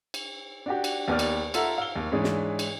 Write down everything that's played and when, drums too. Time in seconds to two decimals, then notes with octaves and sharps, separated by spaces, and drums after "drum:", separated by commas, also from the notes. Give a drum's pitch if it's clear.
0.14 drum: cymbal
0.66 D4 F#4 G4
0.84 drum: cymbal
1.08 D#2 B3 G4 D5 F6
1.19 drum: cymbal
1.54 F4 A4 E5 F#5 A#5 E6, drum: cymbal
1.78 F5 E6 G7
1.96 D#2
2.12 G#2 E3 C#4 D4 G#4
2.24 drum: snare
2.59 drum: cymbal